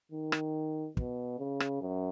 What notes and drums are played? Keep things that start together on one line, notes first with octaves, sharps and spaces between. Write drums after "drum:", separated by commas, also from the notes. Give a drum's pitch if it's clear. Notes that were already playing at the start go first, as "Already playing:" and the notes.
D#3
drum: rim click
B2, drum: kick
C#3
drum: rim click
F#2